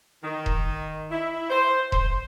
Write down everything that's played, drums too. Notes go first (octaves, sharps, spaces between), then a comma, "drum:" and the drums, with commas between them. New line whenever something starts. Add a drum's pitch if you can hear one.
D#3
drum: kick E1
E4
C5
C5, drum: kick E1